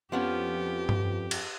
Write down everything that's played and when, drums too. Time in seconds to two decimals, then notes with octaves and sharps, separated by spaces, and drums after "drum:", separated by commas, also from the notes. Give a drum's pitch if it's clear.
0.12 F2 F3 B3 C#4 G4
0.89 drum: tom G2
1.31 drum: cymbal